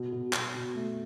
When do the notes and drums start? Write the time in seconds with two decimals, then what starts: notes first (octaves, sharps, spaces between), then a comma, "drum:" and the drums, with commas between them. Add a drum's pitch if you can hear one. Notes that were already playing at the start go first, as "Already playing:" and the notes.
Already playing: B2
0.12 B2
0.33 B2, drum: clap
0.54 B2
0.75 A3